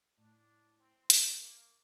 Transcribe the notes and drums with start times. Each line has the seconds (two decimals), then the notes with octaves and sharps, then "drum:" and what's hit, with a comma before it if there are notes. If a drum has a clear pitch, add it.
0.17 A2 D4
0.79 C4
1.10 A#3, drum: hi-hat
1.41 A#3